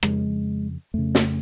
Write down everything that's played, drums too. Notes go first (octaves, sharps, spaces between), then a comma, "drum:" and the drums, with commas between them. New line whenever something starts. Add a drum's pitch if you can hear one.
F2 C#3 G#3, drum: rim click
F2 C#3 A3
drum: snare